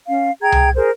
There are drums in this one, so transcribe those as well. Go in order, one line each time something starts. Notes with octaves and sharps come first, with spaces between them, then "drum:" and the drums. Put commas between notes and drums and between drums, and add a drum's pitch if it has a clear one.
C#4 F5
G#4 G5 A#5 G#6
drum: tom C2
G#4 A#4 C5